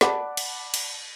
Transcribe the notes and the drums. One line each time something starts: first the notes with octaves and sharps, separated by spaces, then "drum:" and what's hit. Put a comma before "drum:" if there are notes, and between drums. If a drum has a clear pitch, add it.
D5 F#5 A5 B5 D6, drum: snare
drum: cymbal
drum: cymbal